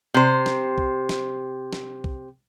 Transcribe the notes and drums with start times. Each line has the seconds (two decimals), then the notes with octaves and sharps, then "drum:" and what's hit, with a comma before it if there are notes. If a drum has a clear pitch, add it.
0.14 C3 C5
0.46 drum: snare
0.78 drum: kick
1.09 drum: snare
1.73 drum: snare
2.04 drum: kick